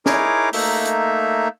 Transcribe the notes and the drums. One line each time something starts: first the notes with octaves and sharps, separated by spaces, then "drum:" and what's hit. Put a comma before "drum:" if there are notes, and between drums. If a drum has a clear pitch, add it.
D#4 E4 G#4 A#4 C#5 D6, drum: snare
A3 A#3 D#4 E5, drum: open hi-hat
drum: hi-hat